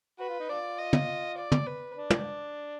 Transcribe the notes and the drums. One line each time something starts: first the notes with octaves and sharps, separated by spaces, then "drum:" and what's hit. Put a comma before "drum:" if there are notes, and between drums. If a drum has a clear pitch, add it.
F#4 B4
F4
D#4
D4 F4 D5
D#5
drum: tom
D5
drum: tom
B4
D4
drum: tom